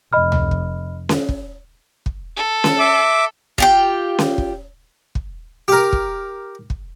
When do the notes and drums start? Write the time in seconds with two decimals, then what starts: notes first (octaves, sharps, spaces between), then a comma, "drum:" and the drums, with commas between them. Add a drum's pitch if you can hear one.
0.13 F1 D#5 B5 F6
0.32 drum: tom C#2
0.51 drum: kick
1.09 drum: snare C#4
1.29 drum: kick
2.06 drum: kick
2.37 A4
2.64 drum: snare C#4
2.79 E5 D6
3.58 F4 G4 G5, drum: kick
4.19 drum: snare C#4
4.38 drum: kick
5.15 drum: kick
5.68 G4 A#4
5.93 drum: kick
6.70 drum: kick